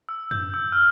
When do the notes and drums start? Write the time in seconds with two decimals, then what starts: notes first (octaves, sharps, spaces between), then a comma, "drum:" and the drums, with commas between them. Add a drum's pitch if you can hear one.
0.09 E6
0.31 G6, drum: tom F#2
0.54 E6
0.72 F6